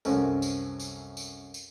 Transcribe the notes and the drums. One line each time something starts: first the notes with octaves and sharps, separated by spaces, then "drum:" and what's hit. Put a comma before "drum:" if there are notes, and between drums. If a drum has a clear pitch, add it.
C2 F#2 C4 C#4 A4 A#4, drum: tambourine
drum: tambourine
drum: tambourine
drum: tambourine
drum: tambourine